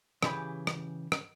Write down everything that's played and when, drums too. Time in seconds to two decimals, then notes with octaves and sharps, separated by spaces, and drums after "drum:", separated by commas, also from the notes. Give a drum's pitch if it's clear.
0.23 C#3 E3 E4 G4 G#4 B5, drum: rim click
0.67 drum: rim click
1.12 drum: rim click